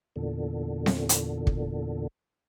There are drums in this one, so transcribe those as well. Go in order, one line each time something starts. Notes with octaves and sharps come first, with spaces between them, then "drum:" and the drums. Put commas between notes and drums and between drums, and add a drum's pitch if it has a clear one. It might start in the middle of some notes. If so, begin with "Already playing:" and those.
E2 A#2 D3
drum: snare C4
drum: hi-hat
drum: kick